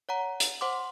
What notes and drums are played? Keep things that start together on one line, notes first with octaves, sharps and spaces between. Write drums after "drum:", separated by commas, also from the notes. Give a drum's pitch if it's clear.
C#5 F#5 A#5
drum: hi-hat
C5 F#5 C6 D6